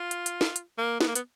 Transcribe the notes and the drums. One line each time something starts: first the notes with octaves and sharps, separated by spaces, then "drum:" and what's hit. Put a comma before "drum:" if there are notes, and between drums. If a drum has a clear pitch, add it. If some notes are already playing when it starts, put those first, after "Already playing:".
Already playing: F4
drum: hi-hat
drum: hi-hat
drum: snare
drum: hi-hat
A#3
B3, drum: snare
A#3
B3, drum: hi-hat